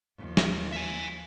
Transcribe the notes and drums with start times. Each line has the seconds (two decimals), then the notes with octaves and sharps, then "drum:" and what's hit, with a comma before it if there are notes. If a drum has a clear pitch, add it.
0.18 D#2 F3
0.37 drum: snare
0.73 E5 G#5